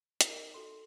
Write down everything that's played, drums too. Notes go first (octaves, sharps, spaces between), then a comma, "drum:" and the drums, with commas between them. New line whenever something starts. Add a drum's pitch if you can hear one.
D#4 A#4, drum: hi-hat
F#4 A4 C6